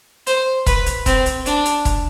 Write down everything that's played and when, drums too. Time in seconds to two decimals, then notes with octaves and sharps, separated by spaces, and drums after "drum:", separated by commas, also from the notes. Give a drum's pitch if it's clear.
0.27 C5, drum: hi-hat
0.66 B4, drum: kick, hi-hat
0.86 drum: hi-hat
1.06 C4, drum: kick, hi-hat
1.26 drum: hi-hat
1.46 D4, drum: hi-hat
1.65 drum: hi-hat
1.85 drum: kick, hi-hat